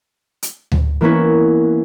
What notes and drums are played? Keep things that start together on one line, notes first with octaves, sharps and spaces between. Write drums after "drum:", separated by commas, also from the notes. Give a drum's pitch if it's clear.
drum: hi-hat
drum: tom D2
E3 A#3 B3 C#4 E4